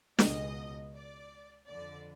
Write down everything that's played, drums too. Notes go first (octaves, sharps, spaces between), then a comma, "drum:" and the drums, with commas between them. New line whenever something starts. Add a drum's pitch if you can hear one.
C#2 B2 D#5, drum: snare
D5
F2 D3 D5